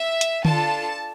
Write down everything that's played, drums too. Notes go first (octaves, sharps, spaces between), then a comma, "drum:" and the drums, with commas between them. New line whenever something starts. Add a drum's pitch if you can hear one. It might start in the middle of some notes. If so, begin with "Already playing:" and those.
Already playing: E5
drum: hi-hat
D4 F4 A4 A5, drum: tom D3